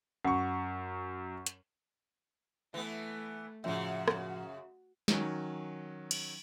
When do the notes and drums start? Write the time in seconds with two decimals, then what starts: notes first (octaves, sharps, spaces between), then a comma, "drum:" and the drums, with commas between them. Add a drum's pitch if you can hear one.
0.25 F#2 C#4 F#5 C#6
1.46 drum: hi-hat
2.74 E3 A3 B3
3.64 F#2 A2 C#3 F3 F#4 E5
4.08 drum: rim click
5.08 D#3 F#3 C#4, drum: snare
6.11 drum: cymbal